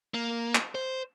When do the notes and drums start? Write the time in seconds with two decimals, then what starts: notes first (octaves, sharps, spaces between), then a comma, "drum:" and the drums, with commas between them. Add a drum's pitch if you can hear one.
0.14 A#3
0.55 drum: clap
0.75 C5